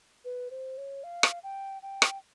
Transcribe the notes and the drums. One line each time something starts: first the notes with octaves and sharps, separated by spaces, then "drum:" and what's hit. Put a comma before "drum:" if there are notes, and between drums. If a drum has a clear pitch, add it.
B4
C5
C#5
F5
drum: rim click
G5
G5
drum: rim click